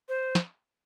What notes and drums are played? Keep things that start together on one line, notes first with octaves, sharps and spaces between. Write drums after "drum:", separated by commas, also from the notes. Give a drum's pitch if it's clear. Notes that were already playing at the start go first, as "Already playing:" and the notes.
C5
drum: snare